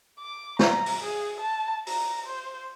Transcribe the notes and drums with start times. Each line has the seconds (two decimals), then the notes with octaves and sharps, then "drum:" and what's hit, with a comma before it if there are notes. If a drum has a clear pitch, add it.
0.19 D6
0.59 A#5, drum: snare
0.86 drum: open hi-hat
1.03 G#4
1.40 A5
1.87 A#5, drum: open hi-hat
2.26 C5